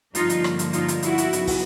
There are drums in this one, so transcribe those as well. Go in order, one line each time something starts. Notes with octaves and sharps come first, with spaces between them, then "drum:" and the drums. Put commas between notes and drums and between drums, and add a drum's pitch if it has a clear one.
G2 D3 F3 A#3 D#4 F4, drum: hi-hat
drum: hi-hat
drum: rim click
drum: hi-hat
D#4 F4, drum: hi-hat
drum: hi-hat
E4 F#4, drum: hi-hat
drum: hi-hat
C#3 F#3 B3 D#4, drum: hi-hat
drum: kick, open hi-hat